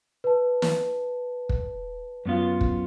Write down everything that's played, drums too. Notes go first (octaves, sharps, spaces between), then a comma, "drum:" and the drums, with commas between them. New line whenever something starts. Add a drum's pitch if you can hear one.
B4 A5
drum: snare
drum: kick
F#2 B3 F4
drum: kick